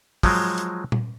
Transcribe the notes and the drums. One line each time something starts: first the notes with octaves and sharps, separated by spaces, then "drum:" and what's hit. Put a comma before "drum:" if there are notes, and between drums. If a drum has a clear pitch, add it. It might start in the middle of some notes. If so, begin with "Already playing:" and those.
F3 F#3 G#3, drum: kick, open hi-hat
drum: hi-hat
drum: tom A#2